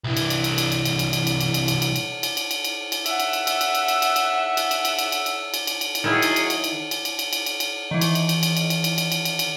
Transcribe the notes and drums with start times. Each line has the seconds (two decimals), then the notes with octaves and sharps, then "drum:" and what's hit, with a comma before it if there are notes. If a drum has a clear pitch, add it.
0.04 C2 E3
0.17 drum: cymbal
0.30 drum: cymbal
0.44 drum: cymbal
0.58 drum: cymbal
0.72 drum: cymbal
0.85 drum: cymbal
0.99 drum: cymbal
1.13 drum: cymbal
1.27 drum: cymbal
1.41 drum: cymbal
1.54 drum: cymbal
1.68 drum: cymbal
1.82 drum: cymbal
1.96 drum: cymbal
2.23 drum: cymbal
2.37 drum: cymbal
2.51 drum: cymbal
2.64 drum: cymbal
2.92 drum: cymbal
3.06 E5 F#5, drum: cymbal
3.20 drum: cymbal
3.33 drum: cymbal
3.47 drum: cymbal
3.61 drum: cymbal
3.75 drum: cymbal
3.88 drum: cymbal
4.02 drum: cymbal
4.16 drum: cymbal
4.57 drum: cymbal
4.71 drum: cymbal
4.85 drum: cymbal
4.99 drum: cymbal
5.12 drum: cymbal
5.26 drum: cymbal
5.54 drum: cymbal
5.67 drum: cymbal
5.81 drum: cymbal
5.95 drum: cymbal
6.04 D#3 F#3 E4 G#4
6.22 drum: cymbal
6.36 drum: cymbal
6.50 drum: cymbal
6.64 drum: cymbal
6.91 drum: cymbal
7.05 drum: cymbal
7.19 drum: cymbal
7.33 drum: cymbal
7.46 drum: cymbal
7.60 drum: cymbal
7.91 D#3 E3
8.01 drum: cymbal
8.15 drum: cymbal
8.29 drum: cymbal
8.43 drum: cymbal
8.57 drum: cymbal
8.70 drum: cymbal
8.84 drum: cymbal
8.98 drum: cymbal
9.12 drum: cymbal
9.25 drum: cymbal
9.39 drum: cymbal